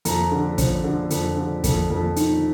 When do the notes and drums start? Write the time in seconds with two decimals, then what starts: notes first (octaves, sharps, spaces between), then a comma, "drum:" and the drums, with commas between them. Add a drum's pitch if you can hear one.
0.05 F2 A#5, drum: hi-hat
0.32 D3
0.58 F3, drum: kick, hi-hat
0.84 D3
1.10 F2, drum: hi-hat
1.37 D3
1.64 F2, drum: kick, hi-hat
1.90 F2
2.16 D#3, drum: hi-hat